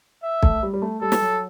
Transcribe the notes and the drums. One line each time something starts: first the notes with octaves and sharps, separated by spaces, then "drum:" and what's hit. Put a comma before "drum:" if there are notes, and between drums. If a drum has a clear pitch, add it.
E5
A3, drum: kick B1
G3
G3
A3
G3 A4
drum: snare
F#3